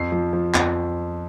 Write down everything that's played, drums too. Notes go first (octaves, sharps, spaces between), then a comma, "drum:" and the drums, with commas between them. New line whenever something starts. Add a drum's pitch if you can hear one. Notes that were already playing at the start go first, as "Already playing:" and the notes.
Already playing: F2 C7
F3
F3
F2, drum: clap